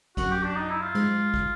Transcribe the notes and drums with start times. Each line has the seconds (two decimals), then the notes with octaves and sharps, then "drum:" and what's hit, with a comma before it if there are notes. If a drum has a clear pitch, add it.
0.17 F#2 F#4, drum: kick, cymbal
0.31 G4
0.43 D4
0.57 D#4
0.70 E4
0.82 F4
0.95 G#2, drum: cymbal
1.34 drum: kick